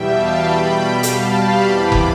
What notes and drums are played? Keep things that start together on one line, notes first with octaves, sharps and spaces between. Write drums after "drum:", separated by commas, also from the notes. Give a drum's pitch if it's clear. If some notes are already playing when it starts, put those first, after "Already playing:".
Already playing: E2 B2 G3 E5 G5
F5 A5
B2 G3 G5 B5
B2 G3 F5 A5, drum: hi-hat
G5 B5
E2 C3 E3 B5 D6
drum: kick